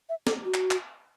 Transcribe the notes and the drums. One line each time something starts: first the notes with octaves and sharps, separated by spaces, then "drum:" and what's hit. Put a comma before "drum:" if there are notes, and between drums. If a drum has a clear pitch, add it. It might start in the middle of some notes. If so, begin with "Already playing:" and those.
E5
A4, drum: snare
F#4
drum: clap
drum: clap